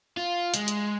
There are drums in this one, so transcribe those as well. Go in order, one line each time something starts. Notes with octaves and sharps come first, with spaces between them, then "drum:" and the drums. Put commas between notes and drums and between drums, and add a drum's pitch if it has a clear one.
F4
G#3, drum: hi-hat
drum: hi-hat